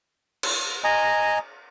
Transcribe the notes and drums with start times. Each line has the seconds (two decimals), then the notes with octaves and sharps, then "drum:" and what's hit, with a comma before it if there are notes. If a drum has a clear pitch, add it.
0.43 drum: cymbal
0.84 D#5 G#5 A#5